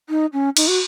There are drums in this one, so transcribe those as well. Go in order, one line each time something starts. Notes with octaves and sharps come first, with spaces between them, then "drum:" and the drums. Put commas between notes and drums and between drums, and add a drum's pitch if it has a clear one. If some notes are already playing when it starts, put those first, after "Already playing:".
D#4
C#4
D#4, drum: cymbal
F#4